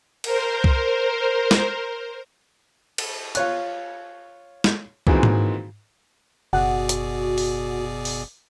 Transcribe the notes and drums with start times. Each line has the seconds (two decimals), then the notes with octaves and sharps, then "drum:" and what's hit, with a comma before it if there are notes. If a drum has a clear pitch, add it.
0.24 A#4 C5, drum: cymbal
0.64 drum: kick C2
1.51 drum: snare
2.98 drum: cymbal
3.35 F4 C#5 F#6, drum: hi-hat
4.64 drum: snare
5.07 A#2 D#3 E3 G#3 C4 F#4, drum: kick C2
5.23 drum: tom G#2
6.53 F#1 B2 F#4 G#4 D5 F#5
6.89 drum: hi-hat
7.38 drum: open hi-hat
8.05 drum: open hi-hat